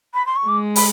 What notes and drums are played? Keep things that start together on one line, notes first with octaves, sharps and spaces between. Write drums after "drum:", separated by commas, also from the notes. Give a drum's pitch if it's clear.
B5
C6
C#6
G#3 D6
B5, drum: open hi-hat